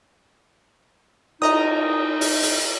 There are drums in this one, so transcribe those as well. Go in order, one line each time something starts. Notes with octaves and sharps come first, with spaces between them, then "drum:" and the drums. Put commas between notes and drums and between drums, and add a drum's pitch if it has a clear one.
D#4 D#5 A#5 D#6, drum: cymbal
drum: open hi-hat
drum: open hi-hat